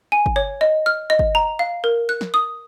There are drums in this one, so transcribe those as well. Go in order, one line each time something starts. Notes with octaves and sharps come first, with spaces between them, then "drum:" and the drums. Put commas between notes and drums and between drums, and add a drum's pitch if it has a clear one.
G#5
drum: kick
C#5
D#5
F6
D#5
drum: kick
A#5
F5
A#4
F#6
drum: snare
D#6